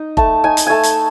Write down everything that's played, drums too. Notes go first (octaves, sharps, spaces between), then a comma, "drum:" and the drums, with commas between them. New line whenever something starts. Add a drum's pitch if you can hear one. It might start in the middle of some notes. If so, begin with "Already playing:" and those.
Already playing: D#4 D#5
A3 A5, drum: kick F1
D#4 G#5
drum: hi-hat
A3 G#5 A5
drum: hi-hat